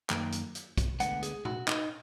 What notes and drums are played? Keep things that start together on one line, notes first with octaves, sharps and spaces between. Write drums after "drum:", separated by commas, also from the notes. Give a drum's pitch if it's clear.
F#2 D#3 A#3, drum: clap
drum: hi-hat
drum: hi-hat
drum: kick, hi-hat
D2 D3 G#3 B3 F#5, drum: hi-hat
G#4, drum: hi-hat
F#4, drum: tom A#2
D#4, drum: clap